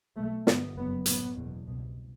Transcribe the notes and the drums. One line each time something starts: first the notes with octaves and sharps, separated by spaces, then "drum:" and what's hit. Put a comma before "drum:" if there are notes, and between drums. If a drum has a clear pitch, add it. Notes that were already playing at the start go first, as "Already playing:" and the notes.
B1 B2 A3
G1 G2 B3, drum: snare
F#1 F#2 B3
A1 A2 B3, drum: hi-hat
F#1 E2 B2
C2 B2